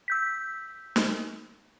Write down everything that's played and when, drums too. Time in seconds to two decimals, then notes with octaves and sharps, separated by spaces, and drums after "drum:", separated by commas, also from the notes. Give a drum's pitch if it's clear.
0.08 E6 G6 B6
0.96 drum: snare